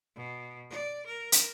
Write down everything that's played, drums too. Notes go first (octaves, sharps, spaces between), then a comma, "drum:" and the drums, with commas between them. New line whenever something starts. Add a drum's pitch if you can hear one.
B2
D5
A#4
drum: hi-hat